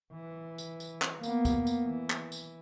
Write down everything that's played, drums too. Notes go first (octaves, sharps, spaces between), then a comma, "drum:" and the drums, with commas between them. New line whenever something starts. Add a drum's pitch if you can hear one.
E3
drum: tambourine
drum: tambourine
drum: clap
A#3 B3, drum: tambourine
drum: kick, tambourine
drum: tambourine
E3
drum: clap
drum: tambourine